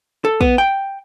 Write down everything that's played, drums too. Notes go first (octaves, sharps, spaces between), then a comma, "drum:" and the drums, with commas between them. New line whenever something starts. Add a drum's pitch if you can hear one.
A4
B3, drum: kick
G5